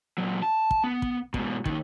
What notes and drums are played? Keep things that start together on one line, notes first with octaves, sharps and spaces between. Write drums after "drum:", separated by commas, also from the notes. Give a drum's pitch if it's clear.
A#2 F#3
A5
drum: kick
B3
drum: kick
G#2 B2, drum: kick
D#2 D#3, drum: kick